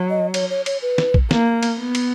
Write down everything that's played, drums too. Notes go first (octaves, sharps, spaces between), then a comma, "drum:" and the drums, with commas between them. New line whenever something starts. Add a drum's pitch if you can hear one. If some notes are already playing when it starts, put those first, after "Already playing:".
Already playing: F#3
D#5
C#5, drum: cymbal
C#5
C#5, drum: cymbal
B4
drum: snare
drum: kick A#1
A#3, drum: snare
drum: cymbal
B3
drum: cymbal